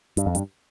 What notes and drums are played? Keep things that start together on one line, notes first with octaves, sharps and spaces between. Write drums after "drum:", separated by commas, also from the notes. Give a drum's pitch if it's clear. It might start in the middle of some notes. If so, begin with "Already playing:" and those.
G2, drum: hi-hat
F2
G2, drum: hi-hat